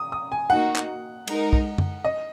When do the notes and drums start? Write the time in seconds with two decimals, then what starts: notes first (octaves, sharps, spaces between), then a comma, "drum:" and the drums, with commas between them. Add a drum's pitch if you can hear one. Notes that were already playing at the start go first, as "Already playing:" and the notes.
Already playing: D#6
0.12 D#6
0.32 G#5
0.50 A#3 D#4 F#4 F#5
0.76 drum: clap
1.27 G#3 D#4 A#4, drum: cymbal
1.53 drum: kick
1.78 drum: tom F#2
2.04 D#5